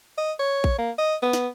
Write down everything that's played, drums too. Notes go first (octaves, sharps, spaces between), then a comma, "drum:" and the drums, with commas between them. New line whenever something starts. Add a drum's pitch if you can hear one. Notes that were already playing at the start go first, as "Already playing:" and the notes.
D#5
C#5
drum: kick A#1
A#3
D#5
B3
drum: snare